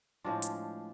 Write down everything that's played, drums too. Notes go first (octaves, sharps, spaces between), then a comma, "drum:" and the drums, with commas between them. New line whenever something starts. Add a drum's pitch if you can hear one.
A2 F3 G#3 D4 F4
drum: hi-hat